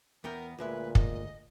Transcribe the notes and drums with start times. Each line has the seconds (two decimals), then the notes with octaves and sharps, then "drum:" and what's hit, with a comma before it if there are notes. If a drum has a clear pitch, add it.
0.24 E2 B3 A#4 G5
0.58 D2 A#2 G#3 B4 E5
0.95 D#5, drum: kick